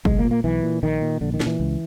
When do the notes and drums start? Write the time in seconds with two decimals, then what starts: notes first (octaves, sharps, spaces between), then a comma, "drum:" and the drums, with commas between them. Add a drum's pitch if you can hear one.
0.05 B1 G#3, drum: kick
0.19 A#3
0.24 A#2
0.31 A#3
0.44 B1 E3
0.63 A#2
0.83 A#1 D#3
1.01 A#2
1.21 A#1 D3
1.34 D#3
1.40 A#2, drum: snare
1.46 E3
1.60 C#2